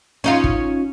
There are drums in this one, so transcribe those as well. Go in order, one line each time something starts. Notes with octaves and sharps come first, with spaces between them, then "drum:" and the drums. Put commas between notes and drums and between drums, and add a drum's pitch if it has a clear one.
C#4 D#4 F4
drum: kick